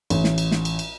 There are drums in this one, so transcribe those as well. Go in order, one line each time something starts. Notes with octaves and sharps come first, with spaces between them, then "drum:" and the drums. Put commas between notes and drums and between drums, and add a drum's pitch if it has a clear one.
A1, drum: cymbal
drum: snare
drum: cymbal
drum: snare
drum: cymbal
drum: cymbal